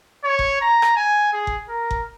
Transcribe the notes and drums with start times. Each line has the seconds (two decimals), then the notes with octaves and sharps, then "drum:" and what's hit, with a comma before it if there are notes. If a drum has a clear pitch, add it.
0.24 C#5
0.39 drum: kick F#1
0.61 A#5
0.82 drum: rim click
0.96 G#5
1.33 G#4
1.47 drum: kick F#1
1.69 A#4
1.91 drum: kick F#1